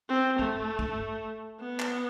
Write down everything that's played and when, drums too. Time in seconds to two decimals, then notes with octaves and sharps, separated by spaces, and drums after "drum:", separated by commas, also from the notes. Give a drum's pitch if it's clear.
0.09 C4
0.39 A3, drum: kick
0.79 drum: kick
1.60 B3
1.80 drum: clap